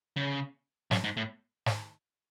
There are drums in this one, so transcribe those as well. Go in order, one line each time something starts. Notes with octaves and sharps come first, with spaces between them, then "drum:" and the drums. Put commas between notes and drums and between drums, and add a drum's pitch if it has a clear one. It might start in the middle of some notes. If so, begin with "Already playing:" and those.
C#3
F#2, drum: snare
G#2
A2
drum: snare